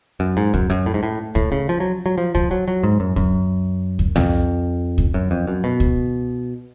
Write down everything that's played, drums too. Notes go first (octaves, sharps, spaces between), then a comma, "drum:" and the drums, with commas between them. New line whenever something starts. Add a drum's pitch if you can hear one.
F#2
G#2
F#2, drum: kick C#2
F#2
A2
G#2
A2
A2, drum: kick C#2
C#3
F3
F#3
F#3
F3
F3, drum: kick C#2
F#3
F#3
G#2
F#2
F#2, drum: kick C#2
drum: kick C#2
F2, drum: tom C2
drum: kick C#2
F#2
F2
F#2
B2
drum: kick C#2